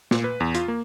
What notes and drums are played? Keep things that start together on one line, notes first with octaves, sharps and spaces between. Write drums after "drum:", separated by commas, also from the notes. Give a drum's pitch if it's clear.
A#2, drum: snare
B4
E2
F4, drum: hi-hat
A#3